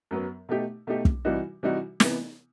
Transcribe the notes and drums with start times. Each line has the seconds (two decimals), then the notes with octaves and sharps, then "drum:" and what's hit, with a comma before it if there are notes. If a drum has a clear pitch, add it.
0.11 F#2 F#3 B3
0.49 B2 A3 D#4 G4
0.87 B2 A3 D#4 G4
1.05 drum: kick
1.25 C3 E3 G3 D#4 F#4
1.63 C3 E3 G3 D#4 F#4
2.00 C3 E3 B3, drum: snare